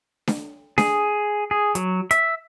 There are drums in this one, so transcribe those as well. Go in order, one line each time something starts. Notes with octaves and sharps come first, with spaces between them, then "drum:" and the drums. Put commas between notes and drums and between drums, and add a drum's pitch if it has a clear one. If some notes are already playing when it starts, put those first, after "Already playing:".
drum: snare D4
G#4, drum: snare D4
G#4
F#3, drum: hi-hat
E5, drum: hi-hat